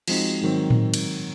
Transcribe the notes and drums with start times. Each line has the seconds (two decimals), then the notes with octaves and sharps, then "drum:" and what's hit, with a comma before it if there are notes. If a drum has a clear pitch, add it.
0.08 F3 G#3 C4 D#4 F#4, drum: cymbal
0.41 G#2 D#3 F#3 C4
0.70 drum: tom A2
0.94 drum: cymbal